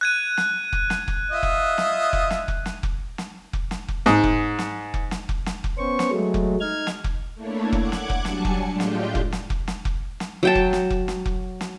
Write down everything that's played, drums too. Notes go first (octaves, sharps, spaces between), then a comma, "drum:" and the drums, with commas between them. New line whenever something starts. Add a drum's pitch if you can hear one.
F#6 G#6 D#7
drum: snare
drum: kick F1
drum: snare
drum: kick F1
F4 D#5 E5
drum: kick F1
drum: snare
drum: kick F1
drum: snare
drum: kick F1
drum: snare
drum: kick F1
drum: snare
drum: kick F1
drum: snare
drum: kick F1
G#2, drum: snare
drum: kick F1
drum: snare
drum: kick F1
drum: snare
drum: kick F1
drum: snare
drum: kick F1
B3 C#4 C5 C#6
drum: snare
F#3 G#3 A3
drum: kick F1
D#4 F6 G#6
drum: snare
drum: kick F1
A3 A#3 D4 E4 C#5
F#5 D6 F#6 G#6, drum: kick F1
drum: snare
drum: kick F1
F#3 G3 D4 G#5 A5 C#7, drum: snare
drum: kick F1
A2 G#3 D4 F4 G4 G5
drum: snare
drum: kick F1
drum: snare
drum: kick F1
drum: snare
drum: kick F1
drum: snare
F#3 G5 A5
drum: kick F1
drum: snare
drum: kick F1
drum: snare
drum: kick F1
drum: snare